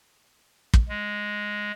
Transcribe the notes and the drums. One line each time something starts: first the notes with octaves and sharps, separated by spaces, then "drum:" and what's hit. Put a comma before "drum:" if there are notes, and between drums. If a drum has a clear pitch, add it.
drum: kick
G#3